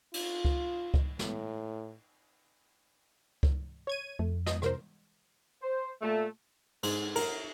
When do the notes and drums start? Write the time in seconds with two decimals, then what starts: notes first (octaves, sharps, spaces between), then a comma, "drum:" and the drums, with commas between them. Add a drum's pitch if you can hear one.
0.14 F4, drum: cymbal
0.45 drum: kick C#2
0.94 drum: kick C#2
1.19 A2, drum: snare
3.43 drum: kick C#2
3.87 C#5 G#6 D#7
4.19 F2 A3
4.46 D#5, drum: snare
4.62 C2 A#4 C5, drum: rim click
5.63 C5
6.02 A#2 A3
6.83 G#2, drum: cymbal
7.16 A#4, drum: cymbal